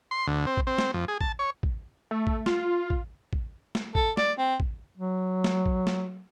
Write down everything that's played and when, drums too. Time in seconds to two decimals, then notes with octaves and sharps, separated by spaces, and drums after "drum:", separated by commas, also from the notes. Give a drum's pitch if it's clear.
0.11 C6
0.27 D2
0.46 C4
0.57 drum: kick A1
0.67 C4
0.78 drum: snare
0.94 F2
1.08 G#4
1.21 A5, drum: kick A1
1.39 C#5
1.63 drum: kick A1
2.11 A3
2.27 drum: kick A1
2.46 F4, drum: snare
2.90 drum: kick A1
3.33 drum: kick A1
3.75 drum: snare
3.95 A4, drum: kick A1
4.17 D5, drum: snare
4.38 C4
4.60 drum: kick A1
4.98 F#3
5.44 drum: snare
5.66 drum: kick A1
5.87 drum: snare